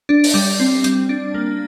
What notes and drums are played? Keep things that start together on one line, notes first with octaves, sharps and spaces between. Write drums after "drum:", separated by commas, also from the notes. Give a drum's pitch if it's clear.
D4
drum: open hi-hat
G3
C4
G3, drum: hi-hat
D4
A#3